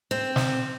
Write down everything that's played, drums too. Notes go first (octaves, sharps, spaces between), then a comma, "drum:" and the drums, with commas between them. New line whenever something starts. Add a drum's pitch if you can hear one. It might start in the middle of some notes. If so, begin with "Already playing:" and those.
C4
drum: snare